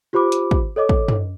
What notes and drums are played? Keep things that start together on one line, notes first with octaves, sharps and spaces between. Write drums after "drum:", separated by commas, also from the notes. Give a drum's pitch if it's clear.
F4 G4 C5 B5 D6
drum: hi-hat
drum: kick
A4 C#5 D#5 D6
drum: kick
drum: tom